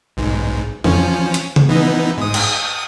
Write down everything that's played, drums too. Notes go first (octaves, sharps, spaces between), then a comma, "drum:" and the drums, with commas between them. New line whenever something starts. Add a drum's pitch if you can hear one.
B1 G#2
F3 C#4, drum: tom F2
drum: hi-hat
drum: tom C#3
E3 B3 D#4
G#2 D#6
drum: cymbal
D#6